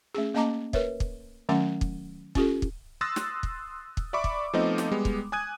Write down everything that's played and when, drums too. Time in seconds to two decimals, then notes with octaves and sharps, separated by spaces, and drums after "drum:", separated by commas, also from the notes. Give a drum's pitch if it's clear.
0.15 A3 C#4 G#4
0.34 A#3 C#4 D#5 A5 A#5 D6
0.73 A#4 B4 C#5 E5, drum: kick
1.00 drum: kick
1.49 D#3 F#3 A3 C#4 F#5 C6
1.81 drum: kick
2.35 C#4 F4 G4 A4, drum: kick
2.62 drum: kick
3.01 C6 D#6 E6 F#6 A6 A#6
3.16 drum: snare
3.43 drum: kick
3.97 drum: kick
4.13 D5 E5 B5 C#6 D6
4.24 drum: kick
4.53 F3 A3 B3 C4 D#4 D#5
4.78 drum: snare
4.91 G3 G#3 B3
5.05 drum: kick
5.32 G#5 D#6 F#6 G#6 D#7